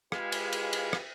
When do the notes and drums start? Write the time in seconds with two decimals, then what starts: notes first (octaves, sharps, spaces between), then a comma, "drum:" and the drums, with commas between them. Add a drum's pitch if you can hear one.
0.12 G#3 F4 G4 B4 F5 G#5 B5, drum: rim click
0.32 drum: cymbal
0.53 drum: cymbal
0.73 drum: cymbal
0.93 drum: rim click